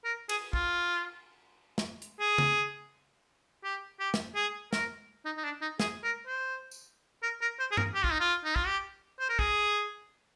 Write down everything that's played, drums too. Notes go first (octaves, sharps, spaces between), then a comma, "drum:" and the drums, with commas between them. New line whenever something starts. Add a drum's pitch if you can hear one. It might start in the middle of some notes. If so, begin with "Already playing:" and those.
A#4
G#4, drum: cymbal
F4, drum: kick
drum: snare
drum: hi-hat
G#4
drum: tom C#3
G4
G4
drum: snare
G#4
A#4, drum: snare
D#4
D#4
D4
D#4
G#4, drum: snare
A#4
C5
drum: tambourine
A#4
A#4
C5
G#4
A#4, drum: tom G2
G4
F4, drum: kick
D#4
F4
D#4
F4, drum: kick
G4
C5
A#4
G#4, drum: kick